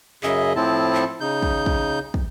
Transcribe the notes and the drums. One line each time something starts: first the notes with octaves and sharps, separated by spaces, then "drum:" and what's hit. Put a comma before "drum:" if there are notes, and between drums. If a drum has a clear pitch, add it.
F#2 C#3 G#4 D#5 E5, drum: clap
A2 F3 C4 E4 A5
drum: clap
C#3 D#4 G6
drum: kick
drum: kick
drum: kick